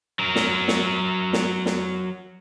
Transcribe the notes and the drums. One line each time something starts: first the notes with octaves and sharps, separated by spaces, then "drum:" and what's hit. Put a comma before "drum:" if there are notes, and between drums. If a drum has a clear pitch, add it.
F#3 A#4
drum: snare
drum: snare
drum: snare
drum: snare